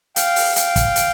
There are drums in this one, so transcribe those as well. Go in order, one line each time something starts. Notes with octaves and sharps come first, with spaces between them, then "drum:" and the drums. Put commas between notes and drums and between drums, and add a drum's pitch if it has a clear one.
F5 G5, drum: hi-hat
drum: open hi-hat
F5 G5, drum: hi-hat
drum: kick, hi-hat
drum: hi-hat